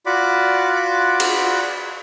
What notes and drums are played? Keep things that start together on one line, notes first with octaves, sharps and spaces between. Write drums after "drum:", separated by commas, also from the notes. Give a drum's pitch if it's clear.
F4 F#4 D5 F#5 B5 D6
drum: cymbal